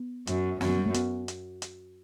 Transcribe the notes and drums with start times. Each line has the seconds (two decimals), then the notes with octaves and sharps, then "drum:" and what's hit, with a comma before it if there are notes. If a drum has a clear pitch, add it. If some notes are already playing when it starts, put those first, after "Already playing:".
Already playing: B3
0.27 F#2, drum: hi-hat
0.61 F#2 C4, drum: snare
0.69 B3
0.77 G3
0.86 A3
0.94 B3, drum: hi-hat
1.28 drum: hi-hat
1.62 drum: hi-hat